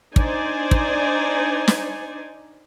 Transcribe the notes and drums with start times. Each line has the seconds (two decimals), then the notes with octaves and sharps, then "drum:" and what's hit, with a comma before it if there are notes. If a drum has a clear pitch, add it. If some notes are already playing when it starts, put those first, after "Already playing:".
0.16 D4 D#4 C5 D5 G#5, drum: kick
0.71 drum: kick
1.68 drum: snare